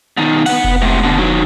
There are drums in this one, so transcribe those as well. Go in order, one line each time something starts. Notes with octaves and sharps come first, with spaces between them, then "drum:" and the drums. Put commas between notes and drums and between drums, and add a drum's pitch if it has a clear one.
B2 D#3
B3 F#5, drum: cymbal
drum: kick F1
A2 C3
B2 D3
D#3 F#3